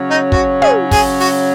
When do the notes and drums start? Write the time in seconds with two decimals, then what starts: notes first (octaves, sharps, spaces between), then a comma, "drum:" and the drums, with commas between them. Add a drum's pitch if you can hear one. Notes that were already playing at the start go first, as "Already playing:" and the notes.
Already playing: C#3 F#3 C#4
0.10 D#4
0.32 F#4, drum: kick
0.62 G#4, drum: tom
0.91 G#4, drum: kick, open hi-hat
1.20 F#4, drum: open hi-hat